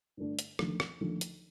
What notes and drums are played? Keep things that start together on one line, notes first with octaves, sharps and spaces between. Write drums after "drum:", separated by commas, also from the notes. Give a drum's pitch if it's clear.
G2 D3 A3 D4
drum: hi-hat
D#2 D3 F3 A3, drum: rim click
drum: rim click
D#2 D3 F3 A3
drum: hi-hat